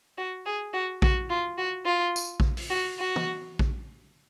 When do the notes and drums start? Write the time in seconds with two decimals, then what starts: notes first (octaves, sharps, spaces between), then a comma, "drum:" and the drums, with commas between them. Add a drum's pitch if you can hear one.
0.18 F#4
0.46 G#4
0.74 F#4
1.02 F#4, drum: kick A#1
1.30 F4
1.58 F#4
1.85 F4
2.16 drum: tambourine
2.40 drum: kick A#1
2.57 drum: open hi-hat
2.70 F#4
2.99 F#4
3.16 drum: tom
3.59 drum: kick A#1